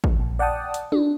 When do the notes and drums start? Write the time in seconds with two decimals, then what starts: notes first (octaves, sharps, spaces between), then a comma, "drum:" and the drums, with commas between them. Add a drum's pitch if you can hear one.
0.04 drum: kick
0.19 A#1
0.39 D5 F#5 G5 A5 D#6
0.74 drum: hi-hat
0.92 D4, drum: tom